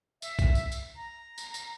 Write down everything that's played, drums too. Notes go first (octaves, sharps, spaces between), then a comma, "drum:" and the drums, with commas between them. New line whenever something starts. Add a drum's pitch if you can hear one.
E5, drum: tambourine
drum: kick A#1, tambourine
drum: tambourine
drum: tambourine
A#5
drum: tambourine
drum: tambourine